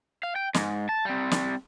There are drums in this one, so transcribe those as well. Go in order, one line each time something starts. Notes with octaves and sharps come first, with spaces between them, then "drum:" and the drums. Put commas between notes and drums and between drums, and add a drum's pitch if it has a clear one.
F5
G5
G#2, drum: snare
A5
G3 C4
drum: snare